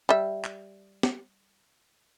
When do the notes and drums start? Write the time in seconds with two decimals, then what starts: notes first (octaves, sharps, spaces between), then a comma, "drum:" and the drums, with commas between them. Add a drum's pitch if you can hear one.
0.09 G3 E5
0.44 drum: clap
1.03 drum: snare